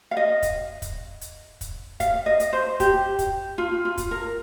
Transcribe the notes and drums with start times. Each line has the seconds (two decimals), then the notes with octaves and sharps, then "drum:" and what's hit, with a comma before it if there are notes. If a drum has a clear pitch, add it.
0.11 F5
0.17 D#5
0.43 drum: kick, hi-hat
0.82 drum: kick, hi-hat
1.21 drum: hi-hat
1.61 drum: kick, hi-hat
2.00 F5, drum: kick, hi-hat
2.26 D#5
2.40 drum: hi-hat
2.53 C5
2.80 G4, drum: kick, hi-hat
3.19 drum: kick, hi-hat
3.58 F4
3.85 F4
3.98 drum: kick, hi-hat
4.11 A#4